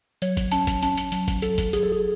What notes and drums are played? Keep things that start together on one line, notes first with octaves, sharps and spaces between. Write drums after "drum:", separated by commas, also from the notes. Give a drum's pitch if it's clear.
F#3 C#5, drum: hi-hat
drum: kick, hi-hat
C#4 A5, drum: hi-hat
drum: kick, hi-hat
C#4 A5, drum: hi-hat
drum: hi-hat
F#3, drum: hi-hat
drum: kick, hi-hat
F#3 A4, drum: hi-hat
drum: kick, hi-hat
F#3 G#4, drum: hi-hat
A4
G#4